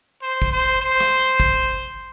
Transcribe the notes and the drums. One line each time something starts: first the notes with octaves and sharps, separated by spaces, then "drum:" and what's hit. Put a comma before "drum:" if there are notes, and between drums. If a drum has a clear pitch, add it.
C5
drum: kick
C5
C5
drum: rim click
drum: kick